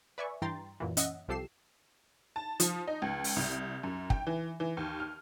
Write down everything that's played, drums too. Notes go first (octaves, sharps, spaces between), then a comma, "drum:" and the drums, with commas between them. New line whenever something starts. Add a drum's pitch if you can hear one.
B4 D5 E5 G#5 C#6
G2 E3 G5 A#5 C6 A6
F#2 A#2 E3
C#4 D#5 E5 F#5, drum: hi-hat
C2 F3 G4 A4 C7 E7
A5
F3, drum: hi-hat
D#4
C#2
drum: open hi-hat
C2
F#2
G5, drum: kick
E3
E3
D#2
F6